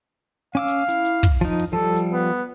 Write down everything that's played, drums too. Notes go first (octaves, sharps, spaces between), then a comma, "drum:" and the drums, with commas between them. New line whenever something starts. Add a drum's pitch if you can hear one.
C#4 F5 D6 E6
drum: hi-hat
E4, drum: hi-hat
drum: hi-hat
drum: kick
F3 D#4
drum: open hi-hat
F3 G3 A4
drum: hi-hat
B3